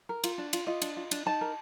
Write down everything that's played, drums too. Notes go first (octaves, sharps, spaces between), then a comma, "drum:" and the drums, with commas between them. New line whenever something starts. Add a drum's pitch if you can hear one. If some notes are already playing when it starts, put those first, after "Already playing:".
A#4
F4, drum: cymbal
D4
F4, drum: cymbal
F4 D#5
D4, drum: cymbal
F4
D4, drum: cymbal
D#4 A5
A#4